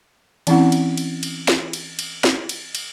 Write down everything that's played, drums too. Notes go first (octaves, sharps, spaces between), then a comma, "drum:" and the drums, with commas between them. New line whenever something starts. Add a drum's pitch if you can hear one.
E3 C4 C#4 E4 F#5, drum: cymbal
drum: cymbal
drum: cymbal
drum: cymbal
drum: snare
drum: cymbal
drum: cymbal
drum: snare
drum: cymbal
drum: cymbal